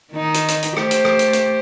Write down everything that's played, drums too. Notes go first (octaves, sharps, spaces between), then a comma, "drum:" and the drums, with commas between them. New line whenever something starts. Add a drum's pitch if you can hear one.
D#3 D#4
drum: hi-hat
drum: hi-hat
drum: hi-hat
A3 G4 C5, drum: rim click
drum: hi-hat
drum: rim click
drum: hi-hat
drum: hi-hat